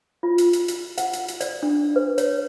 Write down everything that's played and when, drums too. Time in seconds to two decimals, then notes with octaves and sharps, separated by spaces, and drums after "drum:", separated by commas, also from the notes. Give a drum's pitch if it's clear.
0.23 F4
0.38 drum: hi-hat
0.53 drum: hi-hat
0.68 drum: hi-hat
0.98 F#5, drum: hi-hat
1.13 drum: hi-hat
1.28 drum: hi-hat
1.41 D5, drum: hi-hat
1.63 D4
1.96 B4
2.18 C#5, drum: hi-hat